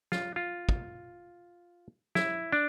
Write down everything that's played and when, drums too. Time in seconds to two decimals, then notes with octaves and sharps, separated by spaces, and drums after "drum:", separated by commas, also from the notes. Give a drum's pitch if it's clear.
0.12 F4, drum: snare
0.36 F4
0.69 drum: kick
2.15 E4, drum: snare
2.52 D4